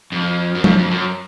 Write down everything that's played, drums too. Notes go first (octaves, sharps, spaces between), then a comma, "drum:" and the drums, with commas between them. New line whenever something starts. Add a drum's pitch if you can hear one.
F2
F#2
F2, drum: tom F#3
F2
F#2